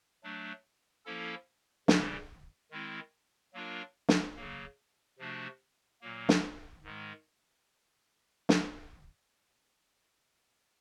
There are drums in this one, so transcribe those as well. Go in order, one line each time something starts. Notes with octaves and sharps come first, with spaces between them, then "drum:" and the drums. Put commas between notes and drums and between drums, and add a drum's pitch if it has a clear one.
F#3 A3 D4
F3 A#3 C#4 E4 A4
C#3 E3 G3, drum: snare
D#3 G#3 C4 E4
F#3 A#3 D4 F4 A#4
drum: snare
C#3 F#3 A#3
C3 F3 A3 D4 F#4
A#2 F#3 A#3
drum: snare
G#2 D#3 G#3
drum: snare